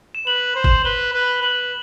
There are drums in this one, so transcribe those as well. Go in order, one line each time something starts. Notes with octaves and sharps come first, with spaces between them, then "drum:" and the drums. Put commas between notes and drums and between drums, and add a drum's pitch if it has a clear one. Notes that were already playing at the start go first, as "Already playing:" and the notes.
E7
B4 F#7
C5
drum: kick G1
B4 G7
B4
B4 F#7